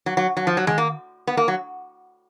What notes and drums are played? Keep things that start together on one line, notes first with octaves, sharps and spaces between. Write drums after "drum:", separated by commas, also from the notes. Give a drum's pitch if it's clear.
F#3
F#3
F#3
F3
F#3
G#3, drum: tom D#3
A#3
B3
A#3
F#3